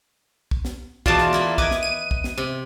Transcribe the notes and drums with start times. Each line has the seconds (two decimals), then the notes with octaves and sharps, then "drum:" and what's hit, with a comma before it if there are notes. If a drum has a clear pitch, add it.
0.51 drum: kick
0.65 drum: snare
1.06 E2 B2 F4 D5 A5, drum: kick
1.18 drum: snare
1.33 A#3 E4 A#4
1.58 B4 D#5 D6 G#6, drum: kick
1.71 drum: snare
1.83 D#7
2.11 drum: kick
2.24 drum: snare
2.38 C3